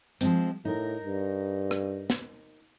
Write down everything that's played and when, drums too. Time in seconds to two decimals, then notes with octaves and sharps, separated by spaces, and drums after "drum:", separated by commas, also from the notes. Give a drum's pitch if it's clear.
0.21 F3 G#3 C4, drum: hi-hat
0.65 A2 D#4 A#4
1.05 G2
1.71 drum: rim click
2.10 drum: snare